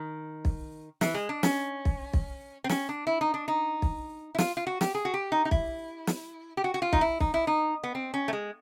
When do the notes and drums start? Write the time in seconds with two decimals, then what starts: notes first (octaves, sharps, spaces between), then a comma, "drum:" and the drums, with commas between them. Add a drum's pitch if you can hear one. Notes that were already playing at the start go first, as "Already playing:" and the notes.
Already playing: D#3
0.45 drum: kick
1.01 E3, drum: snare
1.14 G#3
1.29 D4
1.43 C#4, drum: snare
1.85 drum: kick
2.14 drum: kick
2.64 C4
2.69 C#4, drum: snare
2.89 D4
3.07 E4
3.21 D#4
3.34 D4
3.48 D#4
3.82 drum: kick
4.35 E4
4.38 F4, drum: snare
4.57 F4
4.67 F#4
4.81 G4, drum: snare
4.95 G#4
5.05 F#4
5.14 G4
5.32 D#4
5.45 D#4
5.51 E4, drum: kick
6.07 drum: snare
6.57 G4
6.64 F#4
6.74 F#4
6.82 F4
6.93 D#4, drum: kick
7.01 E4
7.20 D#4, drum: kick
7.34 E4
7.47 D#4
7.83 B3
7.95 C4
8.14 C#4
8.28 A3
8.33 G#3